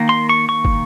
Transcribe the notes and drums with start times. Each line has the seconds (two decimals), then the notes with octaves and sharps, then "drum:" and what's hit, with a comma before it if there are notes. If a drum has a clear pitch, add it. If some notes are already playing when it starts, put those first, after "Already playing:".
Already playing: D#3 A#3
0.09 C6
0.29 C#6
0.49 C#6
0.65 drum: kick